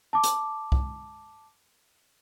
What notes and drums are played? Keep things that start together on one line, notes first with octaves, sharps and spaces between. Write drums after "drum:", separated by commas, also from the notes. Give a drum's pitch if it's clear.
A5 D6
drum: hi-hat
drum: kick C2